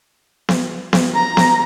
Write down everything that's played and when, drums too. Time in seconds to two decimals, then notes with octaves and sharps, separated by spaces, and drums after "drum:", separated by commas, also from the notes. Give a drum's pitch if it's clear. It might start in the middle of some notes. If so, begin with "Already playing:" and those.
0.49 drum: snare B3
0.93 drum: snare B3
1.15 A#5
1.37 drum: snare B3